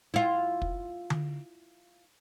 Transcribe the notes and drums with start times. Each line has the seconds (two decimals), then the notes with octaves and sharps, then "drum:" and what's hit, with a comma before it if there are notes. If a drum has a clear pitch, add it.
0.14 E4 F4
0.62 drum: kick
1.10 drum: tom D3